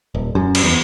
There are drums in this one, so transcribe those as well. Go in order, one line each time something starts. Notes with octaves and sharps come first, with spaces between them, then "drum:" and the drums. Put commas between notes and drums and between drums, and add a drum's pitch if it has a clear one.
D#1
F#2
drum: cymbal
E2